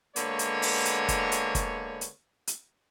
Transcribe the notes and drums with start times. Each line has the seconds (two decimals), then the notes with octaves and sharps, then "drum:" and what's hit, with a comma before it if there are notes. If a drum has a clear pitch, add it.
0.16 D3 G#3 A#3 B3 C#5, drum: hi-hat
0.39 drum: hi-hat
0.62 drum: open hi-hat
0.85 drum: hi-hat
1.08 drum: kick, hi-hat
1.32 drum: hi-hat
1.55 drum: kick, hi-hat
2.01 drum: hi-hat
2.47 drum: hi-hat